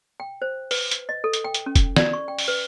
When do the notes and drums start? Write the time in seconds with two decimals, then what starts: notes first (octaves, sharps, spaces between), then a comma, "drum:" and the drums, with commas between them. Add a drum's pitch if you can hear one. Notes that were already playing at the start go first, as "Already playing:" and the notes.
0.20 G5
0.42 C5
0.71 B4, drum: open hi-hat
0.91 drum: hi-hat
1.09 D#5
1.24 A4
1.33 drum: hi-hat
1.44 G5
1.54 drum: hi-hat
1.66 C#4
1.75 drum: kick, hi-hat
1.96 D5, drum: snare
2.13 C#6
2.28 G5
2.39 drum: open hi-hat
2.48 B4